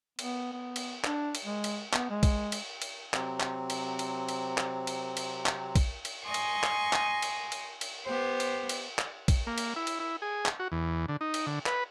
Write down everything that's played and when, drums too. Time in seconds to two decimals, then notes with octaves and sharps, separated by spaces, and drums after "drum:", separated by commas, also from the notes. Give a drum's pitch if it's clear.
0.19 B3, drum: cymbal
0.53 B3
0.76 drum: cymbal
1.04 D4, drum: clap
1.35 drum: cymbal
1.45 G#3
1.64 drum: cymbal
1.93 B3, drum: clap
2.10 G#3
2.23 drum: kick B1, cymbal
2.52 drum: cymbal
2.82 drum: cymbal
3.14 C3 F#3 C4, drum: clap
3.40 drum: clap
3.70 drum: cymbal
3.99 drum: cymbal
4.29 drum: cymbal
4.58 drum: clap
4.87 drum: cymbal
5.17 drum: cymbal
5.46 drum: clap
5.75 drum: kick B1, cymbal
6.05 drum: cymbal
6.23 D#5 G#5 C6 C#6
6.34 drum: cymbal
6.64 drum: clap
6.93 drum: clap
7.22 drum: cymbal
7.52 drum: cymbal
7.81 drum: cymbal
8.06 B3 G4 C5
8.40 drum: cymbal
8.69 drum: cymbal
8.99 drum: clap
9.28 drum: kick B1, cymbal
9.47 A#3
9.58 drum: cymbal
9.76 E4
9.87 drum: cymbal
10.00 E4
10.22 G#4
10.46 drum: clap
10.60 F#4
10.72 E2
11.08 D3
11.21 D#4
11.34 drum: cymbal
11.46 D3
11.66 B4, drum: clap